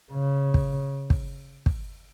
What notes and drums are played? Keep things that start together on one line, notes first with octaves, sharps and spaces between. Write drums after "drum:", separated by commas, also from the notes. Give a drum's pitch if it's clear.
C#3
drum: kick
drum: kick
drum: kick